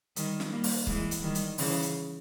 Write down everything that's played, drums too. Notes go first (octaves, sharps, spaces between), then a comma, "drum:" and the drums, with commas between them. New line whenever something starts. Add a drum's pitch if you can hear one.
D#3 G3, drum: hi-hat
drum: snare
G3 A#3
drum: open hi-hat
E3 G#3, drum: kick
drum: hi-hat
D#3 G3
drum: hi-hat
C#3 E3, drum: open hi-hat
drum: hi-hat